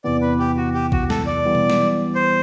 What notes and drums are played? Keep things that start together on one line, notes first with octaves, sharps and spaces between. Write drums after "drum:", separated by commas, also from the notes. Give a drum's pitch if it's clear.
E2 C3 E3 B3 D5
B4
G4
F#4
G4
F#4, drum: kick
A4, drum: snare
D5
E3 G3 B3
drum: tom B2
drum: snare
C5